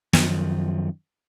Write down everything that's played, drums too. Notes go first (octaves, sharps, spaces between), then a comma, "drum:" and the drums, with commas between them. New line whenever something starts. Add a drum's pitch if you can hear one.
F#2 D#3 F3, drum: snare